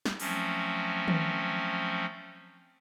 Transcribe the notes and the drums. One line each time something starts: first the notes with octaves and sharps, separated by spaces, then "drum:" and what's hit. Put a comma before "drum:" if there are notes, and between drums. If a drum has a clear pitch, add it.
drum: snare
F3 F#3 A3 C4 C#4, drum: open hi-hat
drum: tom D#3